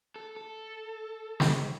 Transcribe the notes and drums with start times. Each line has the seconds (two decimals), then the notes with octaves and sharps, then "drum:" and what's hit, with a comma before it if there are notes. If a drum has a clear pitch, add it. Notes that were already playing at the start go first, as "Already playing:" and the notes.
0.16 A4
0.36 A4
1.40 drum: snare